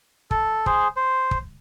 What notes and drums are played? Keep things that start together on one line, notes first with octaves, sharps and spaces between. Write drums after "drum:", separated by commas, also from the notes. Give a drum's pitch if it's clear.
A4, drum: kick
G#4 C5, drum: kick
C5
drum: kick